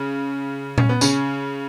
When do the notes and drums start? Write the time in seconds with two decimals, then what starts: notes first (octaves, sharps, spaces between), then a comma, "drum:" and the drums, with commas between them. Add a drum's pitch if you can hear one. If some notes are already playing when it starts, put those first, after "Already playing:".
Already playing: C#3 C#4
0.78 C#4, drum: tom A#2
0.89 B3
1.01 C#3 C#4, drum: tambourine